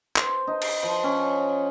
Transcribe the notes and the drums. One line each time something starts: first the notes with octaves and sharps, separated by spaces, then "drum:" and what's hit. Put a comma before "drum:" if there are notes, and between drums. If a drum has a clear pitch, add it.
C5, drum: clap
D#4
drum: cymbal
F3
C#4